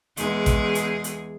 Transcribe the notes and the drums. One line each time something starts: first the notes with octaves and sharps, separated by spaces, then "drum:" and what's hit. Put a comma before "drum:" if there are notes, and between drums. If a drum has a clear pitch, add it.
E2 G#3 G#4, drum: hi-hat
drum: kick A1, hi-hat
drum: hi-hat
drum: hi-hat